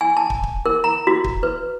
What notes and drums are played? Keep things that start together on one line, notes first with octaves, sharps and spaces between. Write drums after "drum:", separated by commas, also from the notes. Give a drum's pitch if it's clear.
G#5
A5
drum: kick
drum: kick
A#4
A#5
F#4
drum: kick
B4